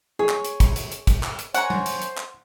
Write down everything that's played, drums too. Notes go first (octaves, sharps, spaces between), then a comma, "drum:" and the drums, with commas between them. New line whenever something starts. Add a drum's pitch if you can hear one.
G#4 C#5
drum: clap
drum: hi-hat
drum: kick, hi-hat
drum: hi-hat
drum: hi-hat
drum: kick, hi-hat
drum: clap
drum: hi-hat
C5 C#5 F#5 G#5 A#5, drum: hi-hat
drum: tom F#3
drum: hi-hat
drum: hi-hat
drum: clap